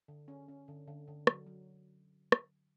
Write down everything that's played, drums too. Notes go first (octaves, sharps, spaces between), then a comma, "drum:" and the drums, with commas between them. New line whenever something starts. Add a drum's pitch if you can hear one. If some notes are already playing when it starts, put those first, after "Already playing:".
D3
C#4
C#4
D3
D3
D3
F#3, drum: rim click
F#3
drum: rim click